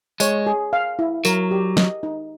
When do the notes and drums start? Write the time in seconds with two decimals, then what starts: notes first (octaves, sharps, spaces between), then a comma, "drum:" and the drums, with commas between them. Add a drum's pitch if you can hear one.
0.20 G#3 C#5, drum: tambourine
0.47 G#4
0.73 F5
0.99 E4
1.25 F#3 A#4, drum: tambourine
1.51 G4
1.77 D#5, drum: snare
2.03 D#4